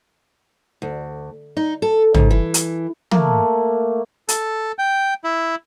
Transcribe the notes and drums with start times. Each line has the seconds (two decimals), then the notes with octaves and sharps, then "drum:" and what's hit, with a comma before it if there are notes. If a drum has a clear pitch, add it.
0.82 D2
1.57 D#4
1.82 A4
2.14 G#2, drum: tom
2.31 E3
2.54 drum: hi-hat
3.11 A3 A#3, drum: tom
4.29 A4, drum: hi-hat
4.79 G5
5.24 E4